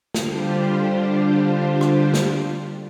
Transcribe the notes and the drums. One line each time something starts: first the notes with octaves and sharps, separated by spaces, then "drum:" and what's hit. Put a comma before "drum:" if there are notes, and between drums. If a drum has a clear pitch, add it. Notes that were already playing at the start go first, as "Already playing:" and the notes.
D3 G3 D4 F4 G4 C5, drum: snare
drum: rim click
drum: snare